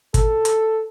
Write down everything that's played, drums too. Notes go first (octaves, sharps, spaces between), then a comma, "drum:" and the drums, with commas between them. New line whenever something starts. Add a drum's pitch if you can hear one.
A4, drum: kick, hi-hat
drum: hi-hat